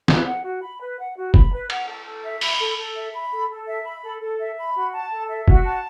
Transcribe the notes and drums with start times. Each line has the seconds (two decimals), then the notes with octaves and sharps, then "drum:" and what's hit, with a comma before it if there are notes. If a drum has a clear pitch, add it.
0.08 B4, drum: snare
0.26 F#5
0.43 F#4
0.62 B5
0.79 B4
0.98 F#5
1.16 F#4
1.34 B5, drum: kick
1.52 B4
1.70 F#5, drum: cymbal
1.88 A4
2.06 A4
2.23 E5
2.41 B5, drum: open hi-hat
2.60 A4
2.78 A4
2.95 E5
3.13 B5
3.32 A4
3.49 A4
3.68 E5
3.85 B5
4.03 A4
4.21 A4
4.40 E5
4.58 B5
4.75 F#4
4.94 A5
5.12 A4
5.29 E5
5.48 F#4, drum: kick
5.65 A5